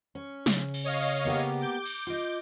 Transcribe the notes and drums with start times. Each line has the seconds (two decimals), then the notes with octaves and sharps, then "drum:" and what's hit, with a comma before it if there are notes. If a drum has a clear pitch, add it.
0.15 C#4
0.46 C#3, drum: snare
0.74 drum: cymbal
0.84 C#5 D#5 F5
1.02 drum: cymbal
1.25 A#3 B3 G4
1.61 D6 G6
1.85 drum: cymbal
2.07 F4 D#5